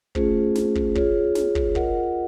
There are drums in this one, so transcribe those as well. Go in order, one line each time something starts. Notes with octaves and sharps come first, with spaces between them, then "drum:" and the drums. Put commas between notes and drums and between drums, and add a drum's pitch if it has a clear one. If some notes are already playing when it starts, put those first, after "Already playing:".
A3 C#4 F4 G#4 C5, drum: kick
drum: snare
drum: kick
F4 G#4 C#5, drum: kick
drum: snare
drum: kick
F4 A#4 D#5 F#5, drum: kick